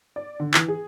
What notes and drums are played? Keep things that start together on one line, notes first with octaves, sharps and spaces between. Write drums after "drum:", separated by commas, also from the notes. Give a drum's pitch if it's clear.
D5
D3
E3, drum: clap
G#4